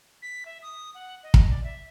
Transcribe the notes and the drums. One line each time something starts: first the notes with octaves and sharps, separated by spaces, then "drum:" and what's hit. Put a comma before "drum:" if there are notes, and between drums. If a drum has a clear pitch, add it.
B6
E5
D#6
F#5
D#5
drum: kick
D5
E5